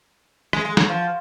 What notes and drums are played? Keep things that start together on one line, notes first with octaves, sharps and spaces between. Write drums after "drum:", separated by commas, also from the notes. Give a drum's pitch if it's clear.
G#3, drum: rim click
G#3
F#3, drum: snare
F3